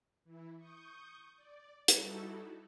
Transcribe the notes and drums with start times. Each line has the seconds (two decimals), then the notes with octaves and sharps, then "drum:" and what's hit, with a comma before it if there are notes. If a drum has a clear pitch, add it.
0.24 E3 E4
0.57 C#6 D#6 G6
1.37 D5
1.88 G3 D#4 E4 F#4 A4, drum: hi-hat